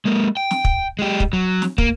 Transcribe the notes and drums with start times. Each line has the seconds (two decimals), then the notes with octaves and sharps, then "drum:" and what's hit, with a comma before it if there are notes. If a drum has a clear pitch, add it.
0.05 G#3 A#3
0.37 G5
0.51 drum: snare
0.65 drum: kick
0.99 G#3 G4
1.20 drum: kick
1.33 F#3
1.62 drum: snare
1.78 A#3, drum: kick